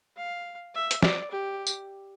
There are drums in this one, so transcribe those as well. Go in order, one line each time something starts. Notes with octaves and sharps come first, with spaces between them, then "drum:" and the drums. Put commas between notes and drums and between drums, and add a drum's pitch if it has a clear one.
F5
E5
drum: hi-hat
D5, drum: snare
G4
drum: tambourine